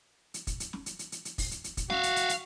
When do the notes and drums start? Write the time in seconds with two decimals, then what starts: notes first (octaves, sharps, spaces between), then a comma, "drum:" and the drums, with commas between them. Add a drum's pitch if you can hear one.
0.34 drum: hi-hat
0.47 drum: kick, hi-hat
0.60 drum: hi-hat
0.73 drum: snare
0.86 drum: hi-hat
0.99 drum: hi-hat
1.12 drum: hi-hat
1.25 drum: hi-hat
1.38 drum: kick, open hi-hat
1.51 drum: hi-hat
1.64 drum: hi-hat
1.77 drum: kick, hi-hat
1.90 F#4 E5 F5, drum: snare
2.03 drum: hi-hat
2.16 drum: hi-hat
2.29 drum: hi-hat